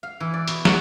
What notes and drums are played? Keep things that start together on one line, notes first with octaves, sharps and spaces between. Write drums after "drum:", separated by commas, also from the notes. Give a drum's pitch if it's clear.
F5
E3
D5
B2, drum: hi-hat
F#4, drum: snare